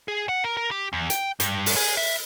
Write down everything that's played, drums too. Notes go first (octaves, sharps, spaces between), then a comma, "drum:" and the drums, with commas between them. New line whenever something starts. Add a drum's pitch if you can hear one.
G#4
F#5
A#4
A#4
G4
E2
G5, drum: hi-hat
G2, drum: hi-hat
drum: open hi-hat
G#4
E5